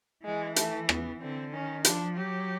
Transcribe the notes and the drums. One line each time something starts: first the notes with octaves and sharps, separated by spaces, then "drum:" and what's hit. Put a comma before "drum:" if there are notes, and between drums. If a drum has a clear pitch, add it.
E3 G#3
A3, drum: hi-hat
B3, drum: rim click
D3 C4
D#3 C#4
F3 D4, drum: hi-hat
F#3 G4